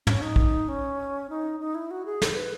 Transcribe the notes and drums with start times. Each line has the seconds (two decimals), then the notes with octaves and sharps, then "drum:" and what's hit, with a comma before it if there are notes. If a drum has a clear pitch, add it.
0.07 C#4, drum: tom
0.21 D#4
0.36 drum: kick
0.68 C#4
1.30 D#4
1.60 D#4
1.75 E4
1.91 F#4
2.05 G#4
2.22 A4, drum: snare
2.36 B4